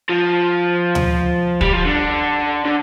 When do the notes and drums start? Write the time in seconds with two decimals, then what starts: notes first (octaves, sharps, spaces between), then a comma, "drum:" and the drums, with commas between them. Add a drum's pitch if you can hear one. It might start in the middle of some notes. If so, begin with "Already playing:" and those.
0.09 F3
0.95 drum: tom D2
1.61 G3, drum: kick
1.73 F3
1.86 D3
2.66 D3